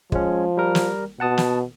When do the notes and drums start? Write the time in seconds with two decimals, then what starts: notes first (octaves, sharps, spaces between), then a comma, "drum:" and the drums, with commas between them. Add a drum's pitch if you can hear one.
0.12 F3 G#3 C#4, drum: kick
0.57 G3 A#4
0.75 drum: snare
1.20 B2 F#5 A5 D#6
1.38 drum: snare